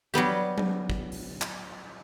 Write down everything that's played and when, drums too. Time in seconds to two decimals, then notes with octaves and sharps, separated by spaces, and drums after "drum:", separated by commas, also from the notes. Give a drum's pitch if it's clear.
0.14 F#3 G3 B3 G4
0.58 drum: tom F#3
0.90 drum: kick
1.12 drum: open hi-hat
1.41 drum: clap